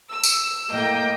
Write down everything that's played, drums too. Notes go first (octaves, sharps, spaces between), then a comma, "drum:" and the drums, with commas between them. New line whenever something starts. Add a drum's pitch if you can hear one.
E6
drum: tambourine
A2 A#3 D#5 G5